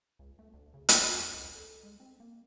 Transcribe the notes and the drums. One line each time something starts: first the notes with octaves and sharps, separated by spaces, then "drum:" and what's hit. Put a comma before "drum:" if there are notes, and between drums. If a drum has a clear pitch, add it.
C#2
A3
D2
C#3
G1, drum: hi-hat
E2
C#2
A4
G#3
C4
A#3